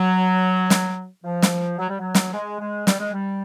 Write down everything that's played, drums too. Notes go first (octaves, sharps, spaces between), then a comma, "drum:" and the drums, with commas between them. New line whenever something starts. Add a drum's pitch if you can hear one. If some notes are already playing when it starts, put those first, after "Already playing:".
Already playing: F#3
drum: snare
F3
drum: snare
F#3
G3
F#3
drum: snare
G#3
G#3
G3, drum: snare
G#3
G3